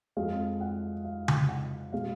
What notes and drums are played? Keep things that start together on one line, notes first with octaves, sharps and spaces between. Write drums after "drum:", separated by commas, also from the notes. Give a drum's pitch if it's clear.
F2 F3 G#3 F5
F#5
F5
drum: tom C#3
F#5
B2 G#3 F5